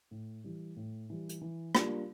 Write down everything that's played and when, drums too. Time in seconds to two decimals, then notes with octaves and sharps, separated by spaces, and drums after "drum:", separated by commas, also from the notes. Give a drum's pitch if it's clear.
0.11 A2
0.44 E3 G3
0.76 A2
1.10 E3 G3
1.29 drum: hi-hat
1.41 E3
1.75 G3 A#3 D4 F4, drum: rim click